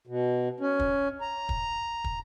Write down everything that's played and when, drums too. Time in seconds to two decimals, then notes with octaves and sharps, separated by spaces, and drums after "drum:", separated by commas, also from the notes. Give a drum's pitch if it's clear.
0.07 B2
0.60 C#4
0.80 drum: kick
1.21 A#5
1.49 drum: kick
2.04 drum: kick